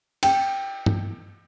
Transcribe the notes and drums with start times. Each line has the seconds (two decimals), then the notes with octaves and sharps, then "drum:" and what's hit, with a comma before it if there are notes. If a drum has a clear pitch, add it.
0.23 G5, drum: cymbal
0.86 drum: tom G2